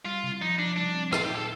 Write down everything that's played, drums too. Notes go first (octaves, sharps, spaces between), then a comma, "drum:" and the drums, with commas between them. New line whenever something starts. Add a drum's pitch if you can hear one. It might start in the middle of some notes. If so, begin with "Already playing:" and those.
G3 F4
C3
F3 D#4
F3 D4
G3 D4
C4
A#2 F4, drum: rim click
G4
A#2
A4